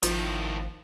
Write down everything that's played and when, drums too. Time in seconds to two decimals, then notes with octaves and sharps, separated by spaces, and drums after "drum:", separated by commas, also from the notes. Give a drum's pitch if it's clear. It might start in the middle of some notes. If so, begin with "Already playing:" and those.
0.03 G#1 A2 D#3 F3, drum: hi-hat